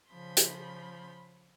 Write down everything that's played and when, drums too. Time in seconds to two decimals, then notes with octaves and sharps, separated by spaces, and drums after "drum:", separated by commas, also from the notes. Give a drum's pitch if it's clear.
0.11 C#3 F3 B5 C6
0.37 drum: hi-hat